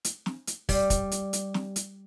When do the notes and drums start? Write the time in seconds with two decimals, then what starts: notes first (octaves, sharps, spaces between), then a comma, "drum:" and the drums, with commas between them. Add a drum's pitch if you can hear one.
0.04 drum: hi-hat
0.26 drum: snare
0.47 drum: hi-hat
0.69 G3, drum: kick, open hi-hat
0.90 drum: kick, hi-hat
1.12 drum: hi-hat
1.33 drum: hi-hat
1.54 drum: snare
1.76 drum: hi-hat